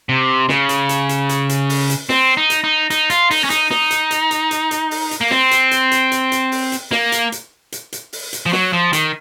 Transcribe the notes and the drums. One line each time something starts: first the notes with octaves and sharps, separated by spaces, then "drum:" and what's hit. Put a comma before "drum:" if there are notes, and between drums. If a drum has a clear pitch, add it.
C3
C#3, drum: snare
drum: hi-hat
drum: hi-hat
drum: hi-hat
drum: hi-hat
drum: hi-hat
drum: open hi-hat
drum: hi-hat
C4, drum: snare
D#4
drum: hi-hat
D#4
D#4, drum: hi-hat
F4, drum: hi-hat
D#4, drum: open hi-hat
C#4
D#4, drum: hi-hat
D#4, drum: snare
drum: hi-hat
drum: hi-hat
drum: hi-hat
drum: hi-hat
drum: hi-hat
drum: open hi-hat
drum: hi-hat
A#3
C4, drum: snare
drum: hi-hat
drum: hi-hat
drum: hi-hat
drum: hi-hat
drum: hi-hat
drum: open hi-hat
drum: hi-hat
A#3, drum: snare
drum: hi-hat
drum: hi-hat
drum: hi-hat
drum: hi-hat
drum: open hi-hat
drum: hi-hat
F3
F#3, drum: snare
F3
D#3, drum: hi-hat